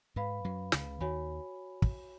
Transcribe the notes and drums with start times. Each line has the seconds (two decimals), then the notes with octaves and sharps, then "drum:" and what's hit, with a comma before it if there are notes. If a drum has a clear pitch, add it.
0.16 G#2 G#3 B4 F5 B5
0.45 F#2 F#3
0.72 C#2 C#3, drum: snare
1.00 D#2 D#3 F#4 C#5 G#5 B5
1.82 drum: kick